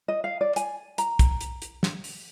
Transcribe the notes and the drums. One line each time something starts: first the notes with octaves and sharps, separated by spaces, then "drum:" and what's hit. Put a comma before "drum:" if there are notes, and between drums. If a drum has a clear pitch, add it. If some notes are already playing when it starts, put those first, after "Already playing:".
D#5
F5
D5
G#5, drum: hi-hat
A#5, drum: hi-hat
drum: kick, hi-hat
drum: hi-hat
drum: hi-hat
drum: snare
drum: open hi-hat